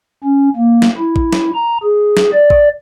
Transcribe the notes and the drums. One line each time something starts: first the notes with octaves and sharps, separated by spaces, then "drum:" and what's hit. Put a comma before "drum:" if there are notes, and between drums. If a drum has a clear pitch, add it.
C#4
A#3
drum: snare
E4
drum: kick A1
drum: snare
A#5
G#4
drum: snare
D5
drum: kick A1